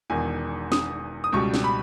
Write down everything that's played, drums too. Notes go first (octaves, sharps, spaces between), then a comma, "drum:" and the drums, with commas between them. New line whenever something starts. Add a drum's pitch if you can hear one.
E1 E2 D#3 G#5
D#6, drum: snare
D#6
C#2 B2 G3 C#6
drum: snare
B5